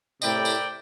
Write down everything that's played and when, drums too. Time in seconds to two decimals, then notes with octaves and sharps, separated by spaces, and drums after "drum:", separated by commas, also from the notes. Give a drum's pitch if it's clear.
0.22 A2 C3 E4 A#4 D5 G5, drum: tambourine
0.45 drum: tambourine